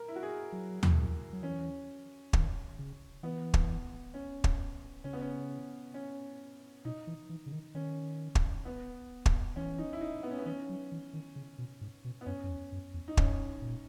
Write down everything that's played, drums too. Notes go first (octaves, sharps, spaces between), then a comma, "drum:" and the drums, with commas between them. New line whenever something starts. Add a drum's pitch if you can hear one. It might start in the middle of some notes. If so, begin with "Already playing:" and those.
Already playing: A#4
E4
F#4
G#4
F#3
drum: tom D#2
F#3
E3 C#4
D#3, drum: kick
C#3
E3 B3
drum: kick
C#4
drum: kick
C#3 C#4
B3
C#4
C#4
B2 D#4
E3
E3
C#3
D#3
D#3 C#4
drum: kick
B3
drum: kick
E3 C#4
D#4
E4
D#4
B3
C#4
B3
E3 C#4
F#3
E3
D#3
C#3
B2
G#2
B2
B3
F#2 C#4
F#2
E2
F#2
E2
D#4
F#2 C#4, drum: kick
A#2